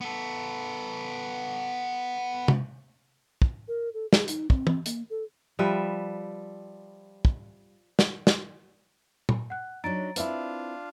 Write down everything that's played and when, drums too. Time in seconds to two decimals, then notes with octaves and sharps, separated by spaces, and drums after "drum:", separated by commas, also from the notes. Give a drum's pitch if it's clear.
0.01 B3 A4
2.48 drum: tom C3
3.42 drum: kick
3.68 A#4
3.94 A4
4.13 G#4, drum: snare
4.28 D#4, drum: hi-hat
4.50 C4, drum: kick
4.67 drum: tom
4.86 A#3, drum: hi-hat
5.10 A4
5.59 F3 G3 B4 E5
7.25 drum: kick
7.99 drum: snare
8.27 drum: snare
9.29 drum: tom
9.50 F#5 F#6
9.84 F#3 D4 D#4 A#5 A6 D7
10.16 C4 D4 E4 F4 B4 E5 F5, drum: hi-hat